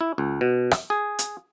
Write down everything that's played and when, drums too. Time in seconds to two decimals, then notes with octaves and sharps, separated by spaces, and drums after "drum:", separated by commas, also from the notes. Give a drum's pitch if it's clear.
0.01 E4
0.18 C#2
0.41 B2
0.71 drum: rim click
0.90 G#4
1.19 drum: hi-hat